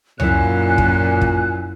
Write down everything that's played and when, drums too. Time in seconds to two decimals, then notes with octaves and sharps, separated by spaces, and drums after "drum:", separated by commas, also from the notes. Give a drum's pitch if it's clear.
0.20 F#2 A#2 E4 C#5 G#5 F#6, drum: tom C#2
0.78 drum: kick
1.21 drum: kick